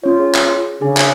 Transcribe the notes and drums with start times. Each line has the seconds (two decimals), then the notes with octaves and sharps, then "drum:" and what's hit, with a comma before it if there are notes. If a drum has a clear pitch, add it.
0.04 C#4 F4 C#5
0.19 G#4 C#5
0.35 drum: clap
0.81 C#3 D4 G#4 G#5
0.97 drum: clap